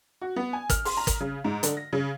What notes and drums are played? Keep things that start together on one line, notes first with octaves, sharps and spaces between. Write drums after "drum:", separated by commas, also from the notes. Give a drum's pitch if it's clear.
F#4
B3
G#5
F6, drum: kick, hi-hat
C6, drum: open hi-hat
A#5
drum: kick, hi-hat
C#3
G#2
D3, drum: hi-hat
A#6
C#3